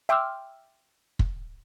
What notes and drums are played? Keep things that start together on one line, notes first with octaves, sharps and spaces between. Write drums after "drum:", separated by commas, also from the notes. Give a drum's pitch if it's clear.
E5 G5 C6 D6 E6 F6
drum: kick